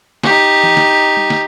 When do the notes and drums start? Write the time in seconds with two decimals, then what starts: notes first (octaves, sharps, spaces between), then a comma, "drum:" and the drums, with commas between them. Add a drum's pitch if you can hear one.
0.23 D#4 G4, drum: snare
0.64 drum: tom E3
0.77 drum: snare
1.17 drum: tom G3
1.30 drum: snare